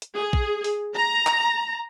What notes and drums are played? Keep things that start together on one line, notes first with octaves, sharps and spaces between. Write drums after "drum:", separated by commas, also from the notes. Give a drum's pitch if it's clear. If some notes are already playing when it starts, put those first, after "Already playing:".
drum: hi-hat
G#4
drum: kick A#1
drum: open hi-hat
A#5
drum: clap